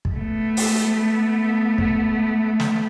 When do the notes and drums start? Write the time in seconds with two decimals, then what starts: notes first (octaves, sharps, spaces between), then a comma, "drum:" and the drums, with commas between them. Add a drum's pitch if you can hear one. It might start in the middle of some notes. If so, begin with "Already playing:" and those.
0.05 drum: kick
0.15 A3 B3
0.57 drum: open hi-hat
1.78 drum: kick
2.60 drum: snare